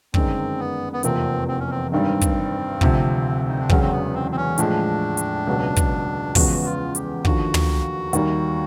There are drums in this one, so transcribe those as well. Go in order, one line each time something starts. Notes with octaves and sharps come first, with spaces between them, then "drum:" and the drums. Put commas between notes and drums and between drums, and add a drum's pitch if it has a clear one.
G1 F#2 D#3 G#3 C4, drum: kick
B3
B3
F1 E2 C3 F3 A#3 C4, drum: hi-hat
C4
C#4
C4
G#1 G2 D#3 G3 C4
drum: kick, hi-hat
D2 C3 F3, drum: kick
D#4
D4
E1 E2 C#3 F#3 C#4, drum: kick
C4
B3
C4
C4
C#4
A2 F3 G#3 D4, drum: hi-hat
drum: hi-hat
C#2 B2 F#3
drum: kick, hi-hat
E2 C#3 F3 G#3 B3 F#4, drum: kick, open hi-hat
F4
G4, drum: hi-hat
D#2 D3 F3 F#4, drum: kick
drum: tom
D#2 D#3 G3, drum: hi-hat